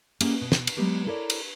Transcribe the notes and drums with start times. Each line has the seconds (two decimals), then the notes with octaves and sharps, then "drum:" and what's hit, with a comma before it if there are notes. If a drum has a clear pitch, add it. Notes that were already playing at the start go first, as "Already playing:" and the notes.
0.21 A#3 C#4 E4 G4 G#4 F#5, drum: cymbal
0.41 B2
0.52 drum: snare
0.67 drum: cymbal
0.77 F#3 G#3 B3 G4 B4
1.06 E4 A4 A#4 C#5 D5
1.30 drum: cymbal